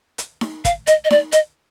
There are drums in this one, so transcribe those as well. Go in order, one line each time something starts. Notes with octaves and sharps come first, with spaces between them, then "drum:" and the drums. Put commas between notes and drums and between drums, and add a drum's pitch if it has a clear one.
drum: hi-hat
drum: snare D#4
F5, drum: kick, hi-hat
D#5, drum: hi-hat
D#5
D5, drum: snare D#4
D#5, drum: hi-hat